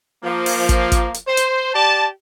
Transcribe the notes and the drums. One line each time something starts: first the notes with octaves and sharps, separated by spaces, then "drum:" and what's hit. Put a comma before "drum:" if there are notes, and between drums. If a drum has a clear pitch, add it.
F3 A#3
drum: open hi-hat
drum: kick, hi-hat
drum: kick, hi-hat
drum: hi-hat
C5
drum: hi-hat
G4 D5 A5